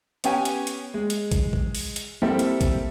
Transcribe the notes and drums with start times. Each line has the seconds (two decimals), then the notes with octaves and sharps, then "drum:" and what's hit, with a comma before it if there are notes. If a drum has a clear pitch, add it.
0.24 B3 C#4 G4 G5 G#5, drum: hi-hat
0.45 drum: hi-hat
0.67 drum: hi-hat
0.94 G#3
1.10 drum: hi-hat
1.31 drum: kick, hi-hat
1.53 drum: kick
1.75 drum: open hi-hat
1.96 drum: hi-hat
2.22 G3 A#3 C4 E4 G4 A4
2.39 drum: hi-hat
2.61 drum: kick, hi-hat